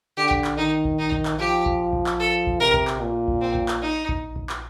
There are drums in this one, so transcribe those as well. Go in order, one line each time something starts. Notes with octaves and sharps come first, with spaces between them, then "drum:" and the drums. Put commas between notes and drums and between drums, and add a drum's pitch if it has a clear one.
D3 G4
drum: kick A#1
drum: clap
D#3 D#4
drum: kick A#1
D#4
drum: kick A#1
drum: clap
F3 G4
drum: kick A#1
drum: kick A#1
drum: clap
A4
drum: kick A#1
C3 A#4
drum: kick A#1
drum: clap
A#2
drum: kick A#1
C4
drum: kick A#1
drum: clap
D#4
drum: kick A#1
drum: kick A#1
drum: clap